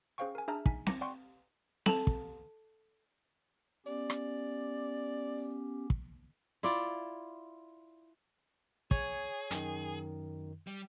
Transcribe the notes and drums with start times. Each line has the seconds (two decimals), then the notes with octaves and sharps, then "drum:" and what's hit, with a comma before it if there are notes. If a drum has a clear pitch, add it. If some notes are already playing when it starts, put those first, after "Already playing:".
0.18 C#4 G#4 C5 F5 G5 C#6
0.35 A#4 G#5
0.48 D4 G#4 E5 A5 A#5 F6
0.66 D#4 G#5 B6, drum: kick
0.87 D6 A#6 C#7, drum: snare C4
1.01 D5 F#5 G5 C6 C#6
1.86 A4 A5 F7, drum: snare C4
2.07 drum: kick
3.86 B3 C#4 G4 D5
4.10 drum: rim click
5.90 drum: kick
6.63 E4 F4 D5
8.91 G#4 C#5 G#6, drum: kick
9.51 F#2 D#3, drum: hi-hat
10.67 G3